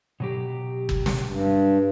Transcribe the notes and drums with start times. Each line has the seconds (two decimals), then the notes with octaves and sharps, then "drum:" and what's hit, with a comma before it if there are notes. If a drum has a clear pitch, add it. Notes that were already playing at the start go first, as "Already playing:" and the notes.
0.20 B2 F#3 G4
0.89 drum: kick
1.06 drum: snare
1.26 G2